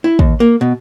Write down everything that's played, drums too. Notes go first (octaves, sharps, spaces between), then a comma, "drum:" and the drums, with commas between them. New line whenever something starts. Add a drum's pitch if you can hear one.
E4
D#2, drum: kick
A#3
B2